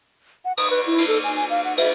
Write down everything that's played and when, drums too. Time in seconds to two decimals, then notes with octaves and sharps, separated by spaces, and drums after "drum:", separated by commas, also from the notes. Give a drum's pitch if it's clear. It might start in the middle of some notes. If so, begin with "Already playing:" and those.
0.45 F#5
0.57 D#6, drum: cymbal
0.70 B4
0.86 E4
0.98 drum: cymbal
1.08 A4
1.24 G#5
1.36 G#5
1.50 F5
1.65 F#5
1.78 E5, drum: cymbal